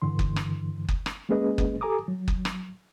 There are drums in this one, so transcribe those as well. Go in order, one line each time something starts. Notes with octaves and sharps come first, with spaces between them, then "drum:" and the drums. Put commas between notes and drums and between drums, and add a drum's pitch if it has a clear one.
G2 D3 E3 C6
drum: kick F#1
drum: rim click
drum: kick F#1
drum: rim click
G#3 A#3 C#4 G#4 B4 D#5
drum: kick F#1
G4 A4 G#5 A#5 D6 D#6
F#3
drum: kick F#1
drum: rim click